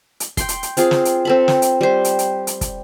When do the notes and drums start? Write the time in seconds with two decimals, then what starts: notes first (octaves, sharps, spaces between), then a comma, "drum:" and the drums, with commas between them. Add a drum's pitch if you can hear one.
0.20 drum: hi-hat
0.37 G5 C6, drum: kick, hi-hat
0.49 drum: hi-hat
0.63 drum: hi-hat
0.77 C4 F4 G#4, drum: hi-hat
0.91 drum: snare
1.05 drum: hi-hat
1.25 C4 A4 B5
1.48 drum: snare
1.62 drum: hi-hat
1.81 G3 C5
2.04 drum: hi-hat
2.19 drum: hi-hat
2.47 drum: hi-hat
2.61 drum: kick, hi-hat